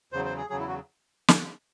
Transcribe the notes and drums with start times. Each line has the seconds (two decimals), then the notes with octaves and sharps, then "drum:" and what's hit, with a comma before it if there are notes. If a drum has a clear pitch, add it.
0.13 E2 C#3 F#3 C5
0.25 C5
0.37 G#4
0.50 E2 C#3 F#3 G#4
0.59 E4
0.68 F#4
1.28 drum: snare